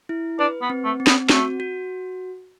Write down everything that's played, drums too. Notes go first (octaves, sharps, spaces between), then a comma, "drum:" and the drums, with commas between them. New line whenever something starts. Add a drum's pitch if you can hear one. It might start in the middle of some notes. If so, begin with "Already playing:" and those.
E4
D4 B4
B3
C4
A3
C4
B3, drum: snare
A3 F#4, drum: snare
F#4